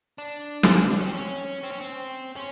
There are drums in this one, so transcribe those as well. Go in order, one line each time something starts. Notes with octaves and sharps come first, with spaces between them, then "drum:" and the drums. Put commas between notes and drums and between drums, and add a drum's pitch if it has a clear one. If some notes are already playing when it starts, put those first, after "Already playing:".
D4
drum: snare
D4
C#4
C4
C#4
C4
C#4
C4
C#4